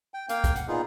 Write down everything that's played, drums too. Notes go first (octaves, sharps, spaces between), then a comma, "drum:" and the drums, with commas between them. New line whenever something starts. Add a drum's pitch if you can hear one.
G5
A#3 F5 G5, drum: hi-hat
drum: kick, hi-hat
F#5, drum: hi-hat
A#2 B3 D#4 F4 G#4